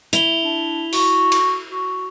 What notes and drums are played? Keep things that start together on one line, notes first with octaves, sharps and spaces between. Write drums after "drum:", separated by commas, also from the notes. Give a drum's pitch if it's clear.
E4 F7 G7, drum: hi-hat
D4
F#4, drum: open hi-hat
drum: cymbal
F#4